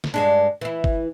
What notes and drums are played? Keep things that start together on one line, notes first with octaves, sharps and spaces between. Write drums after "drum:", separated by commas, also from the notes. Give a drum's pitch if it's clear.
drum: snare D3
G2 G#3 D4
E3 E4
drum: kick G1